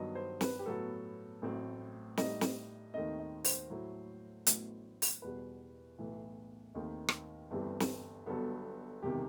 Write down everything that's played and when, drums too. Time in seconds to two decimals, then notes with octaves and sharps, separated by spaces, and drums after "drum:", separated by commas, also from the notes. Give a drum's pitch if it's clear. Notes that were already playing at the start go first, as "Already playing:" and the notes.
Already playing: G2 D#3 F#3 B3 D#5
0.15 C5
0.41 B4, drum: snare
0.59 G4
0.66 A2 F#3 B3 A4
1.42 A1 A2 F#3 C4
2.17 A2 G3 D#4 D#5, drum: snare
2.41 drum: snare
2.94 D#2 D#3 A3 C4 D#4 D#5
3.19 D#5
3.44 C5, drum: open hi-hat
3.70 A2 F#3 A3 E4
4.47 A1 A2 F#3 B3, drum: hi-hat
5.02 drum: open hi-hat
5.22 E2 B2 G3 B4
5.99 B1 A2 E3
6.75 D#2 D#3 A3 C4 D#4
7.09 drum: rim click
7.51 G1 G2 E3 G3 C4
7.80 drum: snare
8.26 G1 G2 F#3 B3 A4
9.02 E1 C3 D#3 G4